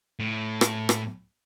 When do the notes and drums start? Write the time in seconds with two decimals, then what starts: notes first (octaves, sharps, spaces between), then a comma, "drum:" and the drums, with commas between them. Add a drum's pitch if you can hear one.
0.20 A2
0.61 drum: rim click
0.89 drum: rim click